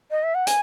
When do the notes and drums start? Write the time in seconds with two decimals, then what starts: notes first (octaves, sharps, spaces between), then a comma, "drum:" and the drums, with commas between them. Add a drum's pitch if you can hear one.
0.11 D#5
0.23 E5
0.35 F#5
0.47 G#5, drum: hi-hat